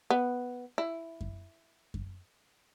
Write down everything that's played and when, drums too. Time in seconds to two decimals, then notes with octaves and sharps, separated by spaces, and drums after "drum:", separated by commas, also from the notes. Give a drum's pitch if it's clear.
0.10 B3
0.78 E4
1.21 drum: kick F#2
1.94 drum: kick F#2